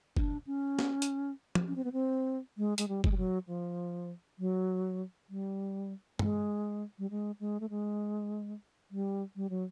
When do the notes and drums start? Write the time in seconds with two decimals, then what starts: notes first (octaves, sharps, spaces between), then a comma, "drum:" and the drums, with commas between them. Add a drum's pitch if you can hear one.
0.17 D4, drum: kick F#1
0.47 C#4
0.79 drum: snare
1.02 drum: hi-hat
1.55 drum: tom F3
1.68 C#4
1.76 C4
1.84 B3
1.92 C4
2.58 G#3
2.78 G#3, drum: hi-hat
2.88 G3
3.04 G#3, drum: kick F#1
3.11 G3
3.17 F#3
3.48 F3
4.39 F#3
5.30 G3
6.19 G#3, drum: tom
6.99 G3
7.10 G#3
7.40 G#3
7.60 A3
7.70 G#3
8.91 G3
9.36 G3
9.50 F#3